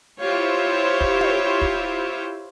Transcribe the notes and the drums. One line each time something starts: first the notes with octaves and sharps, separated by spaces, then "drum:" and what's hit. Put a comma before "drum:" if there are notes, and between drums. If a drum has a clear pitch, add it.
E4 F4 G4 C5 C#5
drum: kick
drum: tom
drum: kick